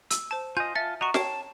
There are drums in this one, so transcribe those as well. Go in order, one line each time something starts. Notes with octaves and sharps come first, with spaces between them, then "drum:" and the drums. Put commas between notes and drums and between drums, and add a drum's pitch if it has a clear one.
E6, drum: hi-hat
C5 A5
F4 D#5 G#5 G6
F4 E5 A5 A6 C#7
F#4 D#5 A#5 C#6
C#5 G5 A5 C7, drum: snare